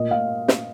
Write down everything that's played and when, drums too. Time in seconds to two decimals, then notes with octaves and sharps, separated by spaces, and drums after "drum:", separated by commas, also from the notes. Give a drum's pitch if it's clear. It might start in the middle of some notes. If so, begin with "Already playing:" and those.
Already playing: A#2 D#5
0.11 A#2 F5
0.48 drum: snare